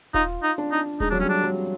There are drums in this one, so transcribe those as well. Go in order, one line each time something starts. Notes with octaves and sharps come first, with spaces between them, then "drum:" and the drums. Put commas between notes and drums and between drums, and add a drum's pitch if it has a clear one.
D#4 F4, drum: kick D#1, hi-hat
D#4
D4, drum: hi-hat
D#4
G#3 D#4, drum: kick D#1, hi-hat
F#3 D4
G3 C#4, drum: hi-hat
D4
F#3, drum: hi-hat